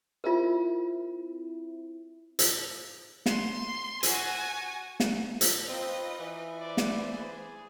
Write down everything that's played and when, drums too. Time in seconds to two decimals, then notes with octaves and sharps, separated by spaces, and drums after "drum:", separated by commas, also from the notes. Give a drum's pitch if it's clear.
0.24 C4 E4 F4 A#4
2.39 drum: hi-hat
3.26 C6, drum: snare
4.03 F#4 G#5, drum: hi-hat
5.00 drum: snare
5.41 drum: hi-hat
5.69 C4 D#4 F4 B4 D#5
6.20 E3
6.61 B4 C5 D5
6.77 drum: snare
7.13 G#4